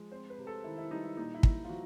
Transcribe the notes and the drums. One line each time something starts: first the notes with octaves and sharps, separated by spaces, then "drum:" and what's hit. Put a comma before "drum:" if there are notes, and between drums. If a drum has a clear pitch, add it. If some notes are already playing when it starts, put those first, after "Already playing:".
Already playing: F3 G#3
C4 C5
B4
C3
A4
D#3 E4
E4
G3 D#4
E4
A#2 D#4
E4
A#2, drum: kick
F4
F3 F#4